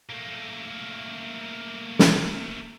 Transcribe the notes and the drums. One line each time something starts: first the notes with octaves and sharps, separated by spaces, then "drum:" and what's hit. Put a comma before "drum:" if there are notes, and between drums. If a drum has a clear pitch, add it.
A3 A#3
drum: snare